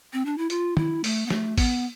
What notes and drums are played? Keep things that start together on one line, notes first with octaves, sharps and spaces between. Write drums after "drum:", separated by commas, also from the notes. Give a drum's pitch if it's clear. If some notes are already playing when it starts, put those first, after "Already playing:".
C4
D4
E4
F4, drum: hi-hat
E4, drum: tom
A3, drum: open hi-hat
B3
A3, drum: snare
B3, drum: kick A1, open hi-hat